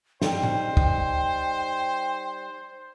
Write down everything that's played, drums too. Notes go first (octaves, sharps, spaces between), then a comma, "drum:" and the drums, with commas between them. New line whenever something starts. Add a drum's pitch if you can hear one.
G3 D#4 C5 G5, drum: snare
drum: tom A2
drum: kick